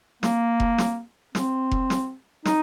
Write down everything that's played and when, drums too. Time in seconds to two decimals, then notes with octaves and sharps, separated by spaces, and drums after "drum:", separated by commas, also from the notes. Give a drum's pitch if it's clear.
0.23 A#3, drum: snare
0.60 drum: kick F1
0.78 drum: snare
1.35 C4, drum: snare
1.71 drum: kick F1
1.90 drum: snare
2.45 D#4, drum: snare